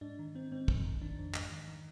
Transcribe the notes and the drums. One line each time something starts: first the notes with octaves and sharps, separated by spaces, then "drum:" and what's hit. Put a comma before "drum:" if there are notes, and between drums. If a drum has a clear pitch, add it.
G#2 D4
D#3
D#3 C4
G#2 C4
F2, drum: kick
D#3
D#3 D4
F2
G#2, drum: clap
D#3
D#3